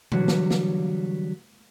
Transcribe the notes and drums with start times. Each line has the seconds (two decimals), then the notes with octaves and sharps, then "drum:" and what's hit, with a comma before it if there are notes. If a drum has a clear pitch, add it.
0.12 D3 E3 F#3 G3 F#4 C#5, drum: tom B2
0.28 drum: snare
0.51 drum: snare